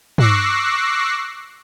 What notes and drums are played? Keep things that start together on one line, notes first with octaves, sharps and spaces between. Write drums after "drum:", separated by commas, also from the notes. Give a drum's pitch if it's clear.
C#6 D6 E6 F#6 A#6 C7, drum: tom